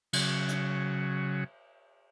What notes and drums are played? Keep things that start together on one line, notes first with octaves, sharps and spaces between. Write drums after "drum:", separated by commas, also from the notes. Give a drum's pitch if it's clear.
C#3 F#3, drum: cymbal
drum: hi-hat